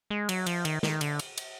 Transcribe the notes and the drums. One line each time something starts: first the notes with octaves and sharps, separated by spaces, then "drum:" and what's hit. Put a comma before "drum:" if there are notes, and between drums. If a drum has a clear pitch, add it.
G#3
F#3, drum: cymbal
F3, drum: cymbal
D#3, drum: cymbal
D#3, drum: snare
D3, drum: cymbal
drum: cymbal
drum: cymbal